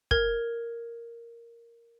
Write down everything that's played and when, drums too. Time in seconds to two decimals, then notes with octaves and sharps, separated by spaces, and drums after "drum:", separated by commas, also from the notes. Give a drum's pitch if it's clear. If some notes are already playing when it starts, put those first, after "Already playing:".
0.11 A#4 G#6, drum: kick